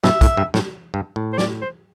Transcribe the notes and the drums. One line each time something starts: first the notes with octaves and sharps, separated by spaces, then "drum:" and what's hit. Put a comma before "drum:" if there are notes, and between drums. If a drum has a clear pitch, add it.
G2 B2 E5, drum: snare
A2, drum: kick, hi-hat
G2
A2, drum: snare
G2
A2
C5
D5, drum: snare
C5